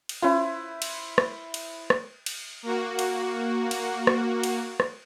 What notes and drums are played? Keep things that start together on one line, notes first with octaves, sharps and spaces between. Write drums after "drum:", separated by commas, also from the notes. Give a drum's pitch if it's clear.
drum: cymbal
C#4 E4 F4 B4 C5
drum: cymbal
drum: rim click
drum: cymbal
drum: rim click
drum: cymbal
A#3 F#4
drum: cymbal
drum: cymbal
drum: rim click
drum: cymbal
drum: rim click